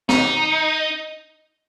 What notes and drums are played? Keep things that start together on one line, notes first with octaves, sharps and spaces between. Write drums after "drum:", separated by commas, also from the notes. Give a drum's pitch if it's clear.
D#4, drum: snare